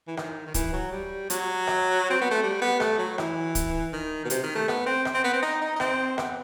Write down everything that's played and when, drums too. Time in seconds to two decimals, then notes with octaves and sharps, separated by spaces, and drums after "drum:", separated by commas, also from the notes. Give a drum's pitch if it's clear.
0.08 E3
0.17 D#3, drum: rim click
0.46 D#3
0.54 E3, drum: kick, hi-hat
0.73 F#3
0.92 G3
1.30 F#3, drum: hi-hat
1.67 drum: rim click
2.10 C4
2.21 B3
2.31 A3
2.43 G3
2.61 B3
2.80 A3, drum: rim click
2.98 F#3
3.18 E3, drum: rim click
3.55 drum: kick, hi-hat
3.93 D#3
4.25 B2
4.30 C3, drum: hi-hat
4.43 D#3
4.55 A3
4.68 B3, drum: rim click
4.86 C4
5.05 drum: rim click
5.14 C4
5.24 B3
5.33 C4
5.42 D#4
5.61 D#4
5.76 D#4
5.80 C4, drum: rim click
6.18 B3, drum: rim click